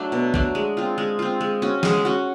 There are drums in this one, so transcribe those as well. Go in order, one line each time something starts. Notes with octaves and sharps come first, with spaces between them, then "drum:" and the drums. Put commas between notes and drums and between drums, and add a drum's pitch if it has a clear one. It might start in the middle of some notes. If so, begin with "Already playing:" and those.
Already playing: F#3 A3 D4
B2
F#3 A3 D4, drum: kick
G#3
C4 F4
G#3
C4 F4
G#3
C#4 F#4
G#3, drum: snare
C#4 F#4